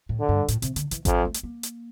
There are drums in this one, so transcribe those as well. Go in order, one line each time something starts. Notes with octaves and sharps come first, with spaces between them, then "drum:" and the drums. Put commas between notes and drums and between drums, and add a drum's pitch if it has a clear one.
A2
D3
G2
A2, drum: hi-hat
C3, drum: hi-hat
D3, drum: hi-hat
E3, drum: hi-hat
F2 F3, drum: kick G#1, hi-hat
A3
drum: hi-hat
A#3
drum: hi-hat